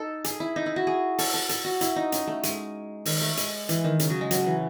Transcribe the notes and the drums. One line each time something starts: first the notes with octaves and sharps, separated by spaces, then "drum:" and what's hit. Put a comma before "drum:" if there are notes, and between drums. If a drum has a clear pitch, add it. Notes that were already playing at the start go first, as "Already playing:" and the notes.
Already playing: D#4 A4
G#4, drum: hi-hat
E4
D#4
E4
F#4
G#4
A4, drum: open hi-hat
A4
A4, drum: hi-hat
F#4
E4, drum: hi-hat
D#4
C#4, drum: hi-hat
A3
G#3, drum: hi-hat
D#3, drum: open hi-hat
A3
G#3, drum: hi-hat
E3, drum: hi-hat
D#3
C#3, drum: hi-hat
F#3
G#3
F#3, drum: hi-hat
E3